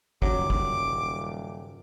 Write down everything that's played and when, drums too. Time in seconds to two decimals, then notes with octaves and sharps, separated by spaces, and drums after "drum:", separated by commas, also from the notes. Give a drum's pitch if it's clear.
0.22 D#1 G2 C#3 F#3 C#4 D6, drum: kick
0.50 drum: kick